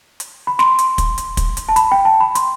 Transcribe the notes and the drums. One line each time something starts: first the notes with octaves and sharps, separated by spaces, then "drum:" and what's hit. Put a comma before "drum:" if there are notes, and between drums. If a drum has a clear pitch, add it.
drum: hi-hat
B5
C6, drum: snare
drum: hi-hat
drum: kick, hi-hat
drum: hi-hat
drum: kick, hi-hat
drum: hi-hat
A5
B5, drum: hi-hat
G5
A5
B5
C6, drum: hi-hat